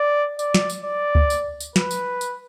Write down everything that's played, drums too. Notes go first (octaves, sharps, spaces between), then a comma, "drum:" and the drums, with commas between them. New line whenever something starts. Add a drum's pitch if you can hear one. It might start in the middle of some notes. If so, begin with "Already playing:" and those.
Already playing: D5
D5, drum: tambourine
drum: snare
drum: tambourine
D5
drum: kick C#2
drum: tambourine
drum: tambourine
B4, drum: snare
drum: tambourine
drum: tambourine